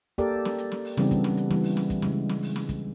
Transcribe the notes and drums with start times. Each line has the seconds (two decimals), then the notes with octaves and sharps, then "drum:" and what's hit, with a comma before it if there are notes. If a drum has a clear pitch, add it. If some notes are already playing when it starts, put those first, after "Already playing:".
0.18 A#3 G4 A4 A#4 D5
0.45 drum: snare
0.58 drum: hi-hat
0.72 drum: snare
0.85 drum: open hi-hat
0.97 C#3 E3 G3 B3 C4 D4, drum: snare
1.11 drum: kick, hi-hat
1.24 drum: snare
1.37 drum: hi-hat
1.50 E3 G3 A#3, drum: snare
1.64 drum: open hi-hat
1.77 drum: snare
1.90 drum: kick, hi-hat
2.02 C#3 G#3, drum: snare
2.29 drum: snare
2.43 drum: open hi-hat
2.56 drum: snare
2.69 drum: kick, hi-hat